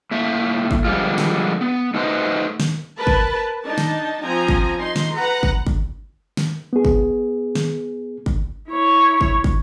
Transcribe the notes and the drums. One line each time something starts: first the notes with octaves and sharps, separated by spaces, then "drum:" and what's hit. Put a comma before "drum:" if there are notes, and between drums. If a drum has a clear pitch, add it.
A2 A#3 E5
drum: kick
D3 F3 G3 G#3 A#3 F4
drum: snare
B3
A3 D#4 F#4 B4 C5 D#5
drum: snare
A#4 B4 A5
drum: kick
D4 D#4 A5
drum: snare
F3 C4 G#5 A#5
drum: kick
D#4 C6
drum: snare
B4 F#5 A#5
drum: kick
drum: kick
drum: snare
B3 G#4
drum: kick
drum: snare
drum: kick
E4 C#5
drum: kick
drum: kick